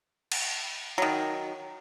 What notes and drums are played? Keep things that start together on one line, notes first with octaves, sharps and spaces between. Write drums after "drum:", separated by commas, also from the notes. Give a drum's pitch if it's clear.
drum: cymbal
D#3 F#3